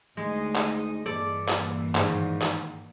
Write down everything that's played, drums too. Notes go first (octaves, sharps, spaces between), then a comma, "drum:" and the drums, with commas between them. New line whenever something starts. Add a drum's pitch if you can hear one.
D2 G#3 D#4 D#5
drum: clap
G2 A#2 E3 A4 D5
drum: clap
G#2 D#3, drum: clap
drum: clap